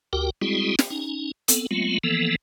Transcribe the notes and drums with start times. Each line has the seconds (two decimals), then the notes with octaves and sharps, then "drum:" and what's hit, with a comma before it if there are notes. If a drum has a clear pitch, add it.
0.13 D2 F#4 G4 A#4 G5
0.42 G3 G#3 C4 E4 F#4 G#4
0.79 drum: snare
0.90 C#4 D#4
1.48 B3 C4 A4, drum: hi-hat
1.71 F#3 G#3 A3 B3 C4 F4
2.04 E3 F3 A#3 B3 A4